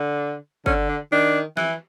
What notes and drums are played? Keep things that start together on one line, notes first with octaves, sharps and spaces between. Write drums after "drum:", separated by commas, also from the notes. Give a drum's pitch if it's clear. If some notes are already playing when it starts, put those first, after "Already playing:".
Already playing: D3
D3 C#4, drum: kick G1
D4
D#3 D4
E3, drum: snare